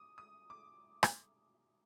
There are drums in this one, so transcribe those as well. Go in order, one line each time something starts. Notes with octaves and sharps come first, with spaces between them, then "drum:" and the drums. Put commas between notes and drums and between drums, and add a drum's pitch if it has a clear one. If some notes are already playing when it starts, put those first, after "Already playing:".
Already playing: D6 D#6
D#6
D6
drum: rim click